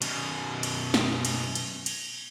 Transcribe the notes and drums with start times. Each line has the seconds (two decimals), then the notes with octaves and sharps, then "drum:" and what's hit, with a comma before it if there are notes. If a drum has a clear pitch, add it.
0.02 F#2 B2, drum: cymbal
0.63 drum: cymbal
0.94 drum: snare
1.25 drum: cymbal
1.55 drum: cymbal
1.86 drum: cymbal